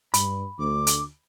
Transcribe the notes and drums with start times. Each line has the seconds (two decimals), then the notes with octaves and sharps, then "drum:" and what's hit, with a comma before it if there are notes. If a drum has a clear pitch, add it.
0.14 G2 B5, drum: hi-hat
0.59 D2 D6
0.87 drum: hi-hat